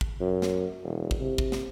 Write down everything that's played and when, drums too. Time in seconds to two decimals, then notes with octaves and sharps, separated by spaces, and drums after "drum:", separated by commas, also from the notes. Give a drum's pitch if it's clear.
0.01 drum: kick
0.20 F#2
0.42 drum: snare
0.83 E1
1.11 drum: kick
1.20 C3
1.38 drum: kick
1.52 drum: snare